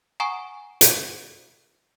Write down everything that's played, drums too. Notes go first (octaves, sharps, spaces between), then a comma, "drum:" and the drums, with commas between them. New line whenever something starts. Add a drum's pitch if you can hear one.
F#5 G#5 A#5 C#6 D#6
drum: hi-hat